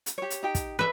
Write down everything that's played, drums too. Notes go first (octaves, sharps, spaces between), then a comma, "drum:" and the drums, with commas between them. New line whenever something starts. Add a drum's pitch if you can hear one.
drum: hi-hat
G4 C#5
drum: hi-hat
D#4 G4 G5
drum: kick, hi-hat
B4 E5